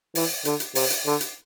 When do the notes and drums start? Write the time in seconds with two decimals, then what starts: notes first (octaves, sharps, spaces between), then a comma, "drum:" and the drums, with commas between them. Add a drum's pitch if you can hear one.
0.15 E3, drum: open hi-hat
0.45 D3, drum: hi-hat
0.60 drum: hi-hat
0.75 C3, drum: open hi-hat
0.90 drum: hi-hat
1.06 D3
1.21 drum: hi-hat